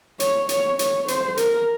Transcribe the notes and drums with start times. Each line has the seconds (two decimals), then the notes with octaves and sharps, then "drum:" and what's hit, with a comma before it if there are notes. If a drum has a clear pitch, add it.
0.20 C#5, drum: hi-hat
0.49 C#5, drum: hi-hat
0.79 C#5, drum: hi-hat
1.08 C5, drum: hi-hat
1.37 A#4, drum: hi-hat